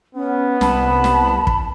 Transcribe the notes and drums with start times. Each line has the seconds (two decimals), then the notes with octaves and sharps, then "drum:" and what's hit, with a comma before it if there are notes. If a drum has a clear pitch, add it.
0.15 B3 C#4
0.61 C2 A5 B5, drum: snare
1.04 drum: snare
1.47 drum: kick